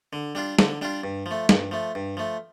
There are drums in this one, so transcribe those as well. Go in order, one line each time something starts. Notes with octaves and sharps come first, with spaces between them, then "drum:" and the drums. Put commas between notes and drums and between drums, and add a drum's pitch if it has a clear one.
D3
G3 D4 F4
D3, drum: snare
G3 D4 F4
G2
F3
A3
G2, drum: snare
F3 A3
G2
F3 A3